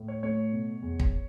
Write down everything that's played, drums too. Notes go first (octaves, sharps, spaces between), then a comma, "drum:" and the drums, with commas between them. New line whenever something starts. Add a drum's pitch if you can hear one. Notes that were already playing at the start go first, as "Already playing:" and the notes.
Already playing: A2
C#5
A3 C#5
B2
E2
drum: kick